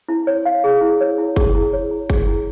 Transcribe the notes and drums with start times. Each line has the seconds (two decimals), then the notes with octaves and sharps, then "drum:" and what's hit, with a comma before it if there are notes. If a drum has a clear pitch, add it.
0.09 E4
0.27 C#5
0.46 F5
0.64 G#4
0.81 E4
1.01 C#5
1.18 E4
1.36 G#4, drum: kick F#1
1.55 E4
1.73 C#5
1.91 E4
2.10 G#4, drum: kick F#1
2.27 E4